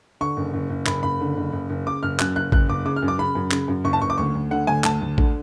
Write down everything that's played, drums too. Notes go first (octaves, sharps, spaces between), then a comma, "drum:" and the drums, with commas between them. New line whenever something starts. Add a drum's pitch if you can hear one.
D3 C#6
F#1
F#1
F#1
F#1 B5, drum: clap
F#1 B5
D3
F#1
F#1
F#1
C#3 D6
F#1 F6
F#2 F#6, drum: clap
F#1 F#6
F#1 F#6, drum: kick A1
F#1 D6
C#3 D6
F6
F#2
D6
C#3 B5
F#2
C#3, drum: clap
F#2
F#1 C#6
A5
F#1 C#6
D6
D2 C#6
D2
D3 F#5
D2 G#5
D2 A5, drum: clap
D2
D3, drum: kick A1